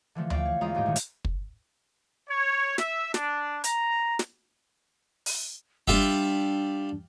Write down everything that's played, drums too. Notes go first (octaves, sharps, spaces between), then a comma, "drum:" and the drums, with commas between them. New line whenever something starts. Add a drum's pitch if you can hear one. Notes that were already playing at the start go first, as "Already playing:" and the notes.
D3 E3 F3 A3
D5 F5 G5 C#6, drum: tom D2
C#5
E2 G#3 F4 F5 A#5 D#6
D#1 G#2 D#4 G4 C#5
A1 D#3 E3
drum: hi-hat
drum: kick
C#5
E5, drum: snare
D4, drum: snare
A#5, drum: hi-hat
drum: snare
drum: open hi-hat
G3 D4 F4 E5, drum: kick